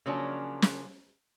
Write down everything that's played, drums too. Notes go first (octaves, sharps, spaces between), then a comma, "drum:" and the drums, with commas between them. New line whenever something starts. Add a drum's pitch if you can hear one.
C#3 F3 F#3 A#3 C#4 D4
drum: snare